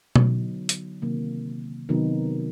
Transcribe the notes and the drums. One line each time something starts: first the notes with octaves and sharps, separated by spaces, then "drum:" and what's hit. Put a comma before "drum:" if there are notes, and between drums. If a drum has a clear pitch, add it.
D3 F#3 B3 D#4, drum: tom B2
drum: hi-hat
C3 D#3 F#3 A#3
C3 D#3 F#3 B3 D#4